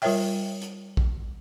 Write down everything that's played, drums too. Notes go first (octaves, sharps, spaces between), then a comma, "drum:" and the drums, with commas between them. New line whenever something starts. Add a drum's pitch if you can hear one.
G3 F4 A#4 C#5 E5 G5, drum: open hi-hat
drum: hi-hat
drum: kick